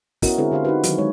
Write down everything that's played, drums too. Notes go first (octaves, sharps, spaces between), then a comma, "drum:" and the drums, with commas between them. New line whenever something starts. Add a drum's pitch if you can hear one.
B3 C#4 E4 F#4 A#4 D#5, drum: kick, open hi-hat
D3 G#3 C4 E4 G#4 A#4
D3 G4 C5 F5
D#4 F#4 B4
D#3 F#3, drum: hi-hat
G#3 C#5